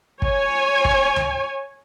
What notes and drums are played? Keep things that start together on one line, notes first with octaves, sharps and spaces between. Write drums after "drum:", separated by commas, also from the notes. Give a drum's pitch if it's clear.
C#5 G#5, drum: kick
drum: kick
drum: tom C#2